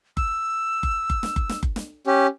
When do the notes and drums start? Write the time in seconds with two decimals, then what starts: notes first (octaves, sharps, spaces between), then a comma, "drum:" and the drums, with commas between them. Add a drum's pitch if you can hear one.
0.17 E6, drum: kick F#1
0.83 drum: kick F#1
1.10 drum: kick F#1
1.23 drum: snare
1.36 drum: kick F#1
1.49 drum: snare
1.63 drum: kick F#1
1.76 drum: snare
2.07 C#4 G4